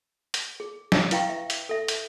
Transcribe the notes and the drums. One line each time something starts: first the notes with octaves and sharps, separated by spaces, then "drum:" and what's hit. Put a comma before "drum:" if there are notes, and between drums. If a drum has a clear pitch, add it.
drum: hi-hat
G#4
drum: snare
E4 B4 F5 G5 A#5 C#6, drum: hi-hat
E5
drum: hi-hat
A4 E5
drum: hi-hat